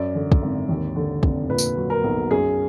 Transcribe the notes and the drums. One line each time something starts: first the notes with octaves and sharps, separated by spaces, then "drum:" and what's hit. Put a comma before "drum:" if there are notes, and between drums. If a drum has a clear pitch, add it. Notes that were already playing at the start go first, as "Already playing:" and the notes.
Already playing: F#2 D5
D3
drum: kick
G#1
D#2
D3
F1, drum: kick
A#2 B4
drum: tambourine
F#3
A#4
B1
F#2 G#4